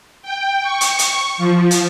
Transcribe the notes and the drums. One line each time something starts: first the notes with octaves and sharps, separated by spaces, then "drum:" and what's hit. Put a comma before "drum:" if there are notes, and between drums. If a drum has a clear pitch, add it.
G5
C#6
drum: hi-hat
drum: hi-hat
F3
drum: hi-hat